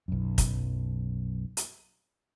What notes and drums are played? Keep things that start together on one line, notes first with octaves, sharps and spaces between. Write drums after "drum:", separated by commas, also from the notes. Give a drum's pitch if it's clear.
B1 F#2
drum: kick, hi-hat
drum: hi-hat